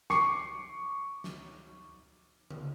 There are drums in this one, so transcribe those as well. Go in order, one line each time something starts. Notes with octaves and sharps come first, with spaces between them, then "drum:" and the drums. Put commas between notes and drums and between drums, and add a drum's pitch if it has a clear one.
C#6 D6 C7 C#7, drum: snare
drum: snare
drum: tom C#3